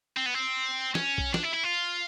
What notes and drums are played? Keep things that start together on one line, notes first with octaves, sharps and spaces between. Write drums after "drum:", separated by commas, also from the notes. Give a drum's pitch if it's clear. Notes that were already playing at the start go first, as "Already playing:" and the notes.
C4
B3
C4
C#4, drum: snare
drum: kick A#1
D4, drum: snare
E4
E4
F4